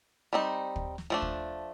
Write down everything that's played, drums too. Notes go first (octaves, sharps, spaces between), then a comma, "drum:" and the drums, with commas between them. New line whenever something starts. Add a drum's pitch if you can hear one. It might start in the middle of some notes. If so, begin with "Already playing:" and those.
G3 C4 D#4
drum: kick
drum: snare
F3 A3 D4
drum: kick